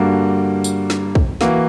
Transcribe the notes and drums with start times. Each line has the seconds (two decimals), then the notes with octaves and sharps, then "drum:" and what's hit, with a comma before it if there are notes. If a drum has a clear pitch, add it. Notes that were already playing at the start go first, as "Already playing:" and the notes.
Already playing: G2 D3 G3 A#3 F#4
0.64 drum: tambourine
0.90 drum: snare
1.15 drum: kick
1.41 E3 A#3 F#4, drum: snare